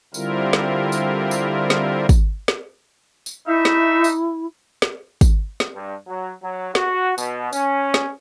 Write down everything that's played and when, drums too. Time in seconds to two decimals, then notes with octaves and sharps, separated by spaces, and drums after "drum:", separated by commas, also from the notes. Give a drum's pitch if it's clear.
0.14 D3 G3 C4 E4 F4 A#4, drum: tambourine
0.53 drum: snare
0.92 drum: tambourine
1.31 drum: tambourine
1.70 drum: snare
2.09 drum: kick, tambourine
2.48 drum: snare
3.26 drum: tambourine
3.47 A3 D#4 E4 E5
3.65 drum: snare
4.04 drum: tambourine
4.82 drum: snare
5.21 drum: kick, tambourine
5.60 drum: snare
5.74 G2
6.07 F#3
6.43 F#3
6.75 F#4, drum: snare
7.18 B2, drum: tambourine
7.53 C#4, drum: tambourine
7.94 drum: snare